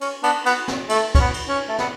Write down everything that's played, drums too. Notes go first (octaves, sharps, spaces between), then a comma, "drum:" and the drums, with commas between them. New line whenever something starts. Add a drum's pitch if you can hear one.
C#4, drum: cymbal
B3 D4, drum: cymbal
B3, drum: cymbal
drum: snare
A3, drum: cymbal
C#4, drum: kick, cymbal
B3
drum: cymbal
C#4
A3
B3, drum: snare